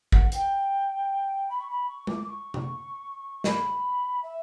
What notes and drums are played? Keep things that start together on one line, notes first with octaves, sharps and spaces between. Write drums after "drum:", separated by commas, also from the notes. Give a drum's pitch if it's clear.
F#5, drum: kick
G5, drum: hi-hat
B5
C#6
B5
C#6
D6, drum: tom
C#6
drum: tom C3
B5, drum: snare
E5